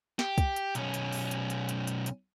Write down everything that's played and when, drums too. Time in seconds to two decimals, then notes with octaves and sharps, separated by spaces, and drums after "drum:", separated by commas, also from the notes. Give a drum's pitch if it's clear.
0.19 G4, drum: snare
0.38 drum: kick, hi-hat
0.56 drum: hi-hat
0.75 B1 C#4, drum: hi-hat
0.94 drum: hi-hat
1.13 drum: open hi-hat
1.31 drum: hi-hat
1.50 drum: hi-hat
1.69 drum: hi-hat
1.87 drum: hi-hat
2.06 drum: hi-hat